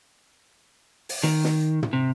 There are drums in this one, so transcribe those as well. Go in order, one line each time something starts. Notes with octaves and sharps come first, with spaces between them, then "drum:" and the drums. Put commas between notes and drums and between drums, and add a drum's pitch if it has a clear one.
drum: open hi-hat
D#3, drum: snare
drum: snare
drum: tom
C3